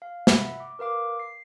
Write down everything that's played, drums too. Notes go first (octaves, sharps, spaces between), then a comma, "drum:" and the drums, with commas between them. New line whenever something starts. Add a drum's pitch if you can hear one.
F5
E5 F#5 B5, drum: snare
D6
A#4 B4 F5 D6
C7